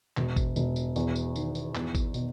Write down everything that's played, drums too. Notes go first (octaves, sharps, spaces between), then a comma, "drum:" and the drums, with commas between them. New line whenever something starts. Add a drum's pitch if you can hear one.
E1, drum: clap
drum: kick G#1, tambourine
E1, drum: tambourine
drum: tambourine
E2, drum: tambourine
drum: tambourine
D#3, drum: tambourine
drum: tambourine
E2, drum: clap
drum: kick G#1, tambourine
B2, drum: tambourine